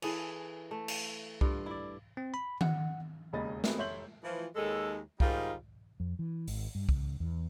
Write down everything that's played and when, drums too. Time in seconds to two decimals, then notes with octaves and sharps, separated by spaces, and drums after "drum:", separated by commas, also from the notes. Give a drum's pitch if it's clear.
0.02 E3 G#4 A4 C#5, drum: cymbal
0.71 A3
0.88 drum: cymbal
1.41 G2 F4, drum: kick C2
1.66 E4 D5
2.17 C4
2.34 B5
2.61 F#5, drum: tom D#3
3.33 E1 D#2 C#3 D#5 B5 A6
3.64 G#3 B3 C4 F#4 A4 A#4, drum: snare
3.78 F1 C#5 E5 C6 G6 F#7
4.24 E3 F3
4.55 D#2 G#3 A4
5.20 G#2 G3 D#4 F4 G#4 A#4, drum: kick C2
6.00 F2
6.19 E3
6.48 G#1, drum: open hi-hat
6.75 G2
6.89 C#2, drum: kick C2
7.20 E2